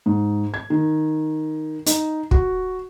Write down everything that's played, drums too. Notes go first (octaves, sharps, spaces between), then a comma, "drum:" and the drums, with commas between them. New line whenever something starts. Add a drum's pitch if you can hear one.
G#2
G#6
D#3
D#4, drum: hi-hat
F#4, drum: kick